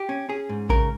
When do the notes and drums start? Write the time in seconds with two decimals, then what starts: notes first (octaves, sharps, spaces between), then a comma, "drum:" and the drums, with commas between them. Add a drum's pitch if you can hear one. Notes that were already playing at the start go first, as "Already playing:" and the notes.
Already playing: G4
0.09 C#4
0.29 C#4 G#4
0.49 G#2
0.69 C#3 A#4, drum: kick A1